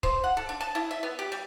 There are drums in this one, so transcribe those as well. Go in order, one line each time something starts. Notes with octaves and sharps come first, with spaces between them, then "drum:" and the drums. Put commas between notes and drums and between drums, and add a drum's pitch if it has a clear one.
C5, drum: kick C#1
F#5
A4
D4
A5
E4
E5
B3
G4
G3